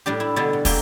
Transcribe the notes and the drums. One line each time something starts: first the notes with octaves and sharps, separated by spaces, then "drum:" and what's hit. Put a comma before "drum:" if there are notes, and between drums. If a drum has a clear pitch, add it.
A2 G3 D4 G4
E4
B2 D3 G3 B3 D4 E4
B2
A3 A#3 G4 G#4, drum: kick, open hi-hat